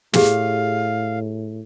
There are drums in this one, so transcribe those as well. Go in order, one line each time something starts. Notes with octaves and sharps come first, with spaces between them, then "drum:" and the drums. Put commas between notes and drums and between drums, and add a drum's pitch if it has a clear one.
A2 G4 G#4 F5, drum: snare